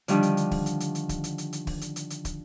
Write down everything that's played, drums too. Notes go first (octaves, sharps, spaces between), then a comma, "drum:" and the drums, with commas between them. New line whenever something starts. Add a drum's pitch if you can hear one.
D3 D#3 F3 G3 D4, drum: hi-hat
drum: hi-hat
drum: hi-hat
drum: kick, open hi-hat
drum: hi-hat
drum: hi-hat
drum: hi-hat
drum: kick, hi-hat
drum: hi-hat
drum: hi-hat
drum: hi-hat
drum: kick, open hi-hat
drum: hi-hat
drum: hi-hat
drum: hi-hat
drum: kick, hi-hat